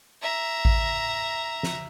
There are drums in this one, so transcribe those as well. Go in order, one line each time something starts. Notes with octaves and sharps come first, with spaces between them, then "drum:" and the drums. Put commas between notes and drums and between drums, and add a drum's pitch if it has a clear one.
E5 A#5
drum: kick A1
drum: snare